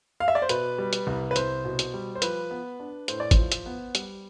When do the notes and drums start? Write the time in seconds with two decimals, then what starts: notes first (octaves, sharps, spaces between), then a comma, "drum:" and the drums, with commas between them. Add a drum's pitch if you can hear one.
0.20 F5
0.28 E5
0.35 D5
0.42 C5
0.49 B2 B4, drum: hi-hat
0.78 G3
0.93 drum: hi-hat
1.07 C2
1.31 B4
1.36 C2 C5, drum: hi-hat
1.65 B2
1.79 drum: hi-hat
1.94 G3
2.15 C5
2.22 F3 B4, drum: hi-hat
2.51 B3
2.80 D4
3.08 A2 C5, drum: hi-hat
3.20 D5
3.31 C5, drum: kick, hi-hat
3.37 F3
3.52 drum: hi-hat
3.66 B3
3.95 G3, drum: hi-hat